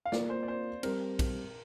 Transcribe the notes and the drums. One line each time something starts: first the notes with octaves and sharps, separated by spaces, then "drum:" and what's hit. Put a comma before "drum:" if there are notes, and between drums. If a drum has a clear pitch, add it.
F5
A#3 F4 A#4 D5, drum: snare
C5
D5
C5
G3 C4 A#4, drum: cymbal
drum: kick A#1, cymbal